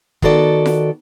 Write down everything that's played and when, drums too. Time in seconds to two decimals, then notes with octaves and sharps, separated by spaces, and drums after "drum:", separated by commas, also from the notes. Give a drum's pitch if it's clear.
0.22 D#3 B3 F#4 A4 D5, drum: kick
0.66 drum: snare F4